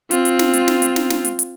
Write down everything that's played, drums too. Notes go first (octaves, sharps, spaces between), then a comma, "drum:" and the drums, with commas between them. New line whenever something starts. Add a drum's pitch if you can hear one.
C4 F4, drum: hi-hat
drum: hi-hat
drum: snare
drum: hi-hat
drum: snare
drum: hi-hat
drum: snare
drum: snare
drum: hi-hat
drum: hi-hat